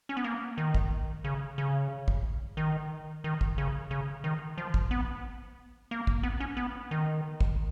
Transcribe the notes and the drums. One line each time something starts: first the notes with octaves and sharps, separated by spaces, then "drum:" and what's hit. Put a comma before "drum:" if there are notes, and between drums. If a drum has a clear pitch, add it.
C#4
B3
A#3
D#3
drum: kick
C#3
C#3
drum: kick
D#3
D#3
drum: kick
C#3
C#3
D#3
F3
drum: kick
B3
A#3
drum: kick
B3
C#4
B3
D#3
drum: kick